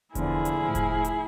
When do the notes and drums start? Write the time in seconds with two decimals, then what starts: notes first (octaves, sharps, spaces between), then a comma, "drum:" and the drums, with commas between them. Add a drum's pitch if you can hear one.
0.15 E2 D3 F3 E4 G#4, drum: kick E1, hi-hat
0.45 drum: hi-hat
0.60 A2 F3
0.75 drum: kick E1, hi-hat
1.05 drum: hi-hat